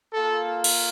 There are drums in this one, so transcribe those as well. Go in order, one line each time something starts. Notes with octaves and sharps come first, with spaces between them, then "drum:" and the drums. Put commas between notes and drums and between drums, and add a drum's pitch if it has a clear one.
A#3 F4 A4
drum: cymbal